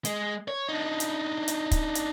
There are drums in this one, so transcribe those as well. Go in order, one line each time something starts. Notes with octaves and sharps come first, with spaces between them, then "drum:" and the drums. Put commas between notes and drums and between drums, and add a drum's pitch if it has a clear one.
G#3, drum: hi-hat
C#5
D4 D#4
drum: hi-hat
drum: hi-hat
drum: kick, hi-hat
drum: hi-hat